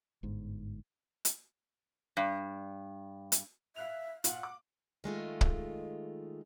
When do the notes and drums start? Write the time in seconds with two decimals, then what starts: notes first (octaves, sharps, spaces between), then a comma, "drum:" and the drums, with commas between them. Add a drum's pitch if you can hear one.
0.23 G1 G#2
1.25 drum: hi-hat
2.17 G2
3.32 drum: hi-hat
3.76 E5 F5 F#6 F7
4.24 A#2 F5 F#5 F#7, drum: hi-hat
4.43 D6
5.04 D#3 G#3 A3 F4
5.41 drum: kick